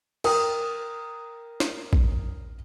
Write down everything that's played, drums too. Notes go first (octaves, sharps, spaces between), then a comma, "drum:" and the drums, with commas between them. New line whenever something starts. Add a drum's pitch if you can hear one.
A#4 G5 D#6, drum: cymbal
drum: snare
drum: kick A#1